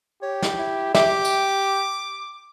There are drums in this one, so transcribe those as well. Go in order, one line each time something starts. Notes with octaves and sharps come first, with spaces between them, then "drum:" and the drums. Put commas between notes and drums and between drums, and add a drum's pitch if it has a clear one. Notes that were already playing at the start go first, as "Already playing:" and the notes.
G4 C#5
drum: snare
E4
G4 E5 D6, drum: snare
drum: tambourine